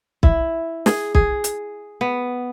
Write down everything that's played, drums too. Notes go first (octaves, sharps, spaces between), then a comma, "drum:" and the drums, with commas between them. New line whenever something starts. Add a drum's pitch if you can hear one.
E4, drum: kick B1
G#4, drum: snare
G#4, drum: kick B1
drum: hi-hat
B3